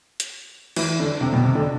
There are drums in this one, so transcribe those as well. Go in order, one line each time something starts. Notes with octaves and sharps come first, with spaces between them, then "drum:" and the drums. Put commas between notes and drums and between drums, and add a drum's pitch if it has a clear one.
drum: hi-hat
E3, drum: cymbal
D3
C3
B2
C3
D3